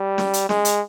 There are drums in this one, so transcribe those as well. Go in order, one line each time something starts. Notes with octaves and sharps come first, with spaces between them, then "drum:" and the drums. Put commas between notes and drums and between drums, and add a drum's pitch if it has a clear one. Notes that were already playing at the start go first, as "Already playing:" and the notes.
Already playing: G3
drum: snare
drum: hi-hat
G#3, drum: snare
drum: hi-hat